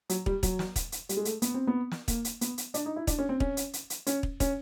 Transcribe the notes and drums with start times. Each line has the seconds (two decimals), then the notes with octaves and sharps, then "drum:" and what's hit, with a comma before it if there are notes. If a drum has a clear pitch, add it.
0.10 F#3, drum: hi-hat
0.26 G3, drum: kick
0.43 F#3, drum: kick, hi-hat
0.59 drum: snare
0.76 drum: kick, hi-hat
0.92 drum: hi-hat
1.09 G3, drum: hi-hat
1.17 G#3
1.25 A3, drum: hi-hat
1.42 B3, drum: hi-hat
1.54 C4
1.67 B3
1.91 drum: snare
2.08 A#3, drum: kick, hi-hat
2.25 drum: hi-hat
2.41 B3, drum: hi-hat
2.58 drum: hi-hat
2.74 D4, drum: hi-hat
2.86 D#4
2.96 E4
3.07 D4, drum: kick, hi-hat
3.19 C#4
3.29 C4
3.40 C#4, drum: kick
3.57 drum: hi-hat
3.73 drum: hi-hat
3.90 drum: hi-hat
4.07 C#4, drum: hi-hat
4.23 drum: kick
4.40 C#4, drum: kick, hi-hat